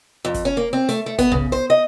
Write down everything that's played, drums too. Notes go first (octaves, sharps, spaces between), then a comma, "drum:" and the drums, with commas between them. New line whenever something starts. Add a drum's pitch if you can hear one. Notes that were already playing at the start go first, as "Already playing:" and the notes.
F2
drum: kick, hi-hat
C#4
A#3
C4
A3, drum: hi-hat
A3
B3, drum: kick, hi-hat
C#3, drum: tom B1
C5
D#5